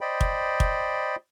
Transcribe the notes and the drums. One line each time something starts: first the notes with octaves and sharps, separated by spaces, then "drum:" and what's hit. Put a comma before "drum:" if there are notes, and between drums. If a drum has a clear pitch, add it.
C5 D5 D#5 G5 B5
drum: kick
drum: kick